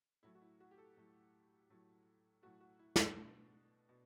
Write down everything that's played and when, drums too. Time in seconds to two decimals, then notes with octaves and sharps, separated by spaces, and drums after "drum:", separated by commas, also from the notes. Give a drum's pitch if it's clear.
0.23 A2 F#3 A3 E4
0.35 F#4
0.41 E4
0.60 F#4
0.71 G4
0.78 A4
0.97 A2 F#3 A3
1.70 A2 F#3 A3
2.43 A2 F#3 A3 F#4
2.61 F#4
2.79 E4
2.96 drum: snare
3.16 B2 A3 D4
3.89 B2